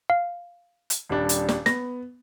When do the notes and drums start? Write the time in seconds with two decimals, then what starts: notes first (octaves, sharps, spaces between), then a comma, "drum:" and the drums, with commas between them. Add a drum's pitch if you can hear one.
0.10 F5
0.90 drum: hi-hat
1.09 D#1 G3 D4
1.29 drum: hi-hat
1.49 drum: snare
1.66 B3 A#6, drum: snare